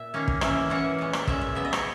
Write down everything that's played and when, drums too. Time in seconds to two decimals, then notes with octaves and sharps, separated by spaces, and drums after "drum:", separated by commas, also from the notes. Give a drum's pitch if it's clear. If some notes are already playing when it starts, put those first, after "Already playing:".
Already playing: A#2 E5
0.14 D#3 A#3 C#4
0.28 drum: kick
0.41 E3 A#3 C#4 E5, drum: rim click
0.70 E3 A#3 C#4 F#5
0.98 A#2 G#3 C#4
1.13 drum: rim click
1.27 A#2 G#3 C#4 E5, drum: kick
1.41 E5
1.55 C#3 F#3 B3 E5
1.65 D#5
1.73 C#5, drum: rim click